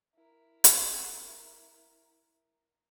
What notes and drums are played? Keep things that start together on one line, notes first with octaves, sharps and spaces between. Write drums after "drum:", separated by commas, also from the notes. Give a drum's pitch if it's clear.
E4 A#4
drum: hi-hat